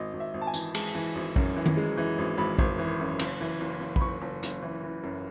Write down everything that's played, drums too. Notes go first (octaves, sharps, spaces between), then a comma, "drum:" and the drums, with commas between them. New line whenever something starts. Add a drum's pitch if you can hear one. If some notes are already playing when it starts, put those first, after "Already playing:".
Already playing: G#1 D#5
G#1
E5
G#1
A5
G#5
E3, drum: tambourine
G#3 A5, drum: cymbal
E3
G#1
F#2, drum: kick A#1
E3
drum: tom D#3
G#3
E3
G#1
G#1 B5
G#1, drum: kick A#1
E3
F#2
F#1, drum: cymbal
E3
F#1
F#1
B5, drum: kick A#1
F#1 C#6
F#1
F#1, drum: hi-hat
E3
E3
F#2